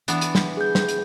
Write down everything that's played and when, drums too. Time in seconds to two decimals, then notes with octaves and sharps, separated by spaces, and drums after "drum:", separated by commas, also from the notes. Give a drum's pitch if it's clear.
0.08 E3 B3 D4, drum: hi-hat
0.21 drum: hi-hat
0.35 drum: snare
0.57 G#4 G6
0.75 drum: snare
0.88 drum: hi-hat